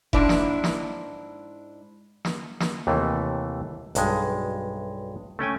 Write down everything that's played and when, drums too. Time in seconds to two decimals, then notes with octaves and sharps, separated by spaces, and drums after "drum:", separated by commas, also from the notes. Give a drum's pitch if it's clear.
0.13 G#2 D4 E4, drum: kick F1
0.29 drum: snare
0.64 drum: snare
2.25 drum: snare
2.60 drum: snare
2.87 D#2 C3 E3 A3
3.95 B1 G2 G#3, drum: hi-hat
5.39 A3 C#4 G5 G#5